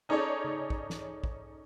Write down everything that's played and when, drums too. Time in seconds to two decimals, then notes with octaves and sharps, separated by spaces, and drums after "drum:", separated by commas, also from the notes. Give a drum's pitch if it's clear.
0.09 C#4 D#4 G#4 A4 C#5 D5
0.44 drum: tom C#3
0.70 drum: kick
0.90 drum: snare
1.24 drum: kick